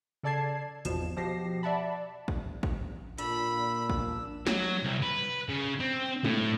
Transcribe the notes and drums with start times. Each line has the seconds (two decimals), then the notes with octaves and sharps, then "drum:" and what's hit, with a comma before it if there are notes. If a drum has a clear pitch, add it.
0.23 C#3 A4 D5 A5 G#6 C7
0.85 G#1 E2 B2 F3 E7, drum: hi-hat
1.17 B2 F3 G4 A#6 C7
1.63 D5 E5 F#5 A5 B5
2.28 drum: kick A1
2.63 drum: kick A1
3.18 A#2 D4 B5 E6, drum: hi-hat
3.90 drum: kick A1
4.47 F#3, drum: snare
4.84 C2
5.03 B4
5.49 C#3
5.80 C4
6.24 A2, drum: tom